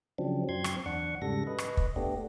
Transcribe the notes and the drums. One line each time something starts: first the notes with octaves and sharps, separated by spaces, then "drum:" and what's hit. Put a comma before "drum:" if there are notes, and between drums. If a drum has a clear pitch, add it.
C#3 F3 F#3 C4 D4
F#2 C4 C6 G#6
drum: rim click
E2 D4 F#5 C#6
G#2 C#3 G3 A4 A#6
B4 D#5
drum: rim click
drum: kick
A3 B3 D4 G4